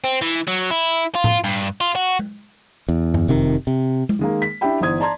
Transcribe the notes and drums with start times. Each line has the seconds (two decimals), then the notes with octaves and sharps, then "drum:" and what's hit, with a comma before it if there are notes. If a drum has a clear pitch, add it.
0.04 C4
0.22 E3
0.47 F#3
0.71 E4
1.15 F4
1.24 drum: tom A2
1.44 G2
1.81 F4
1.95 F#4
2.19 drum: tom G#3
2.88 E2
3.14 drum: tom F#2
3.28 F1 C3 D#3
3.67 C3
4.09 drum: tom G#3
4.19 D#3 G#3 A#3
4.42 B6
4.61 D4 E4 G4 E5 G5 B5
4.81 G1 E3 D#4 C5 D#6 G#6
5.00 D5 A5 A#5 C6 G#6